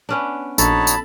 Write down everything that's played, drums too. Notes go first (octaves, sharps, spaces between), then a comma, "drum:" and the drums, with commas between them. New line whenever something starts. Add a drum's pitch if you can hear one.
B3 C#4 D4
A#1 D#4 F#4 A4 C#5 A5 B5, drum: tambourine
drum: tambourine